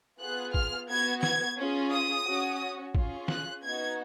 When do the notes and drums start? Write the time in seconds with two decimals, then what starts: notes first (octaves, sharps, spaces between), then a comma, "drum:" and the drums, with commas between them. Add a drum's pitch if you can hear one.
0.20 B3 F4 G#4 F#6
0.54 F6, drum: kick
0.89 B3 F#4 G#6
1.23 G#6, drum: snare
1.58 C#4 F4 G#4
1.92 D#6
2.26 C#4 F#4
2.95 C#4 F4 G#4, drum: kick
3.28 F#6, drum: snare
3.63 B3 D#4 F#4 G#6